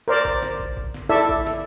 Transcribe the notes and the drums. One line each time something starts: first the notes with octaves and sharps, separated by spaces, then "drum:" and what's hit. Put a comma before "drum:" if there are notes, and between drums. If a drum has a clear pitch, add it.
A#4 C5 D5
drum: kick
drum: snare
drum: kick
drum: kick
drum: snare
E4 A4 D5 E5
drum: kick
drum: snare